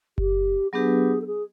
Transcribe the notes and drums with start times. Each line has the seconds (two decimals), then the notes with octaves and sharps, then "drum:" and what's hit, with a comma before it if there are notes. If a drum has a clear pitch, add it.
0.18 G4, drum: kick F#1
0.73 F#3 B3 D4 G4 G#4 B4
1.21 A4
1.26 G#4